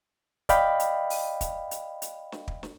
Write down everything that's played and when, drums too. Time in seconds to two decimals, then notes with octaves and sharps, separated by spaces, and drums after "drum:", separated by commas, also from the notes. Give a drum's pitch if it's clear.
0.49 D5 D#5 F5 G5 B5, drum: kick, hi-hat
0.80 drum: hi-hat
1.10 drum: open hi-hat
1.41 drum: kick, hi-hat
1.71 drum: hi-hat
2.02 drum: hi-hat
2.32 drum: snare
2.48 drum: kick
2.63 drum: snare